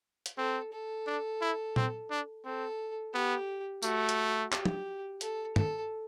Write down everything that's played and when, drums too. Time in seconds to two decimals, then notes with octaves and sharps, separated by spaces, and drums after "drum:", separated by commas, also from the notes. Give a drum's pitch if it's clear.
0.26 drum: hi-hat
0.37 C4 A4
0.72 A4
1.07 D4
1.41 E4
1.76 C4, drum: tom A#2
2.10 D4
2.45 C4 A4
3.14 B3 G4
3.83 A3 F#4, drum: tambourine
4.09 drum: hi-hat
4.52 G4, drum: clap
4.65 drum: tom
5.21 A4, drum: hi-hat
5.56 A4, drum: tom G2